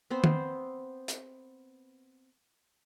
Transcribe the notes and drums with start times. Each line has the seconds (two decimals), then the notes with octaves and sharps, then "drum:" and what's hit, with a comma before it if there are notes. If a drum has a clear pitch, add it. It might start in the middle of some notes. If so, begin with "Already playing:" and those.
0.10 B3 C4 C5
0.24 drum: tom D#3
1.08 drum: hi-hat